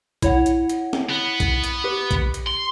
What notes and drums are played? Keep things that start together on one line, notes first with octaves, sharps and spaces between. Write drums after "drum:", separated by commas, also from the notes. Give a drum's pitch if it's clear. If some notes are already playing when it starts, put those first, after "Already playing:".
E4 C#5 F#5, drum: kick, hi-hat
drum: hi-hat
drum: hi-hat
drum: snare
B3
drum: kick, hi-hat
drum: hi-hat
G4 B4
drum: kick, hi-hat
drum: hi-hat
C6